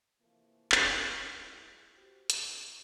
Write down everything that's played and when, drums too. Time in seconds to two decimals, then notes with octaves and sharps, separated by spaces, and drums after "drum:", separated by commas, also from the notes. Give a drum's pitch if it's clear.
0.19 C3 E3 F3 A3 A#3
0.72 drum: clap
0.95 F#3 G#3 B3 E4
1.92 F#4 G4 C5
2.30 E2 G#3 D#4, drum: hi-hat